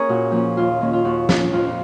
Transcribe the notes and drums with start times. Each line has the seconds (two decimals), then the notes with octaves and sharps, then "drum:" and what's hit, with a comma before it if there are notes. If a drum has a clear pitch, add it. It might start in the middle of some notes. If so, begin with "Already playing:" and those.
Already playing: A#3 C#4 G#4 A#4 C#5
0.09 A#2 F#4
0.31 F3 A#3 C#4
0.57 D#2 F4
0.81 D#3 A#3 C#4
0.93 F4
1.04 D#2 F#4
1.29 D#3 A#3 C#4, drum: snare
1.53 F2 F4